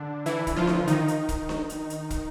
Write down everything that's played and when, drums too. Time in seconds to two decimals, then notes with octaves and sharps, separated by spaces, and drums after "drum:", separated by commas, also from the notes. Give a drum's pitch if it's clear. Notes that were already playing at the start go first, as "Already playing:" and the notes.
Already playing: D3 D4
0.26 E3 E4, drum: hi-hat
0.47 drum: kick, hi-hat
0.56 F3 F4
0.67 drum: snare D4
0.88 D#3 D#4, drum: hi-hat
1.08 drum: hi-hat
1.29 drum: kick, hi-hat
1.49 drum: snare D4
1.70 drum: hi-hat
1.90 drum: hi-hat
2.10 drum: kick, hi-hat